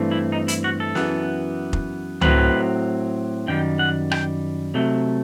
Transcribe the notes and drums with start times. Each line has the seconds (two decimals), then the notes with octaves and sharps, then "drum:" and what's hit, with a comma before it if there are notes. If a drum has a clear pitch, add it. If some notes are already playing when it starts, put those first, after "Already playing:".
Already playing: G2 E3 A3 C4
0.11 E4
0.32 D#4
0.48 E4, drum: hi-hat
0.64 F#4
0.80 A4
0.95 F#2 E3 B3, drum: snare
1.73 drum: kick F1
2.21 A2 F#3 C4 B4, drum: tom C#2
3.48 F#2 D#3 G3 G5
3.79 F#5
4.11 G5, drum: rim click
4.74 C3 F#3 A3